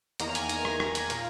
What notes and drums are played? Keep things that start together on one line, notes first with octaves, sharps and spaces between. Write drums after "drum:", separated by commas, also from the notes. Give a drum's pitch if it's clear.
E2 D#3 A#3 A#5, drum: hi-hat
G#5, drum: hi-hat
A#5, drum: hi-hat
drum: rim click
drum: rim click
drum: hi-hat
A#2 A#3, drum: hi-hat